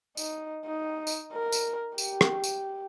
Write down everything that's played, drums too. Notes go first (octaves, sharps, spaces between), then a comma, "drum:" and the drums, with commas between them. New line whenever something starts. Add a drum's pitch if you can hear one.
D#4, drum: tambourine
D#4
drum: tambourine
A#4
drum: tambourine
G4, drum: tambourine
drum: rim click
drum: tambourine